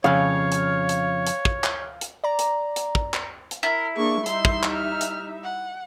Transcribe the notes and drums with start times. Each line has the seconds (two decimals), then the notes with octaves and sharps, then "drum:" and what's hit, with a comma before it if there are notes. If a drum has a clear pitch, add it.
0.04 F2 C#3 C#5 F5
0.52 drum: hi-hat
0.89 drum: hi-hat
1.27 drum: hi-hat
1.45 drum: kick
1.64 drum: clap
2.01 drum: hi-hat
2.24 D5 A#5
2.39 drum: hi-hat
2.76 drum: hi-hat
2.95 drum: kick
3.14 drum: clap
3.51 drum: hi-hat
3.63 E4 A#4
3.96 A#3 D4 G#4 C#6
4.26 G3 D#4 E5 C6, drum: hi-hat
4.45 drum: kick
4.63 drum: clap
4.73 F6
5.01 drum: hi-hat
5.43 F#5